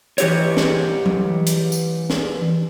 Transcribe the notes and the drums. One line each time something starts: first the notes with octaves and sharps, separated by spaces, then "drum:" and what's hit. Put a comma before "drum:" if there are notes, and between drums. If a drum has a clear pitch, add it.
E3 G4 C#5, drum: hi-hat
drum: snare
drum: tom F#3
drum: hi-hat
drum: tambourine
drum: snare